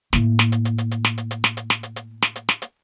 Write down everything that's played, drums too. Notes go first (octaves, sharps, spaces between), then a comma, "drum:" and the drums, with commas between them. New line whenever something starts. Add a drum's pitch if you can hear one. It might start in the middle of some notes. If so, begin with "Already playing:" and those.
A2 A#3, drum: snare
drum: snare
drum: hi-hat
drum: hi-hat
drum: hi-hat
drum: hi-hat
drum: snare
drum: hi-hat
drum: hi-hat
drum: snare
drum: hi-hat
drum: snare
drum: hi-hat
drum: hi-hat
drum: snare
drum: hi-hat
drum: snare
drum: hi-hat